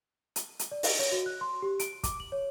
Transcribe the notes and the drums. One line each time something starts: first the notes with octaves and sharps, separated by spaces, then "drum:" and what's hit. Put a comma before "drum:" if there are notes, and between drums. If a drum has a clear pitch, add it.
drum: hi-hat
drum: hi-hat
D5
D#5, drum: open hi-hat
C#5
F#4
F#6
C6
G4
D7, drum: hi-hat
D6, drum: kick, hi-hat
F#7
C#5